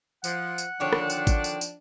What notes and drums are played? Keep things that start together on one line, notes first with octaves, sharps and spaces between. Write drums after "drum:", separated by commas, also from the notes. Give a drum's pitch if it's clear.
F3 F#5, drum: tambourine
drum: tambourine
D3 D#3 F3 D4 C#5
drum: rim click
drum: tambourine
drum: kick G#1, tambourine
drum: tambourine
drum: tambourine